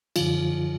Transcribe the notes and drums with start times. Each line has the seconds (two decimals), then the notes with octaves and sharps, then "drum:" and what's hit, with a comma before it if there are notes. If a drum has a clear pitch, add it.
0.16 F#2 D3 F3 F4, drum: cymbal